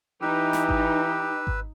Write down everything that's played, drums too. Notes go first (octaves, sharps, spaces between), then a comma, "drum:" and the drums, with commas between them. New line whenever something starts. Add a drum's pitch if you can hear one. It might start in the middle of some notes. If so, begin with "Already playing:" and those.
E3 D#4 G4 B4 E6
drum: snare
drum: kick G#1
drum: kick G#1